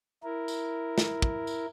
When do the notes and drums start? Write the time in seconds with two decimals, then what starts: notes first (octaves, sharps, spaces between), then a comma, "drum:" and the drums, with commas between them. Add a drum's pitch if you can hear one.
0.23 E4 A#4
0.48 drum: tambourine
0.98 drum: snare
1.22 drum: kick
1.47 drum: tambourine